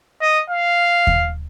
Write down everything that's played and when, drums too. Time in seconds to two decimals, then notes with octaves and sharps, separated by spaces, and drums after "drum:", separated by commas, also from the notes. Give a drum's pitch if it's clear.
0.22 D#5
0.50 F5
1.07 drum: kick D#2